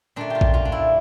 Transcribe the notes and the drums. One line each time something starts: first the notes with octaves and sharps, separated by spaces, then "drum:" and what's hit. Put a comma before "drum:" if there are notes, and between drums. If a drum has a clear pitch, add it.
A#2 A3 D4
F4 G4
drum: kick
F4
D4
E4